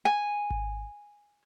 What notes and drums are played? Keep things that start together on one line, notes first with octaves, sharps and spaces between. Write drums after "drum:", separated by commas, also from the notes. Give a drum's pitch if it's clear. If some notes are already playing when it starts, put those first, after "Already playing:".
G#5
drum: kick G#1